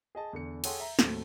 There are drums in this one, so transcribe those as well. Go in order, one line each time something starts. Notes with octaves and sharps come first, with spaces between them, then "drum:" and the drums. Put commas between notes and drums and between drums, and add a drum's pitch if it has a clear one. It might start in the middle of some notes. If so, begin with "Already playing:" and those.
G#4 D#5 A5
E2 D3 C#7
G#4 A4 C#5 F#5 G5 C6, drum: cymbal
E5 A#5
D#2 A2 F#3 A3 C4, drum: snare